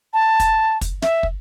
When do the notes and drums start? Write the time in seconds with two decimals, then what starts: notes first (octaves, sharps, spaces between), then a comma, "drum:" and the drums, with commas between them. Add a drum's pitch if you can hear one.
0.14 A5
0.40 drum: kick, hi-hat
0.81 drum: kick, hi-hat
1.02 E5, drum: snare
1.23 drum: kick